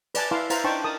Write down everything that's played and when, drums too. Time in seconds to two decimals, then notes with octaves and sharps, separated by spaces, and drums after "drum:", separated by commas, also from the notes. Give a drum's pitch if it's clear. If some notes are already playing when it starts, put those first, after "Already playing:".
0.15 B4 D5 G#5 A5, drum: cymbal
0.31 E4 B4 F5 A5 C6 D6
0.50 E4 B4 C5 F5 A#5, drum: cymbal
0.64 D4 D#4 C5 G5 A5 C#6
0.84 A#4 A5 D#6